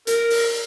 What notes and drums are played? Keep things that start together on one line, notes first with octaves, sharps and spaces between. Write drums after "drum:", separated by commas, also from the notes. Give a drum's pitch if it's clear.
A#4, drum: hi-hat
drum: open hi-hat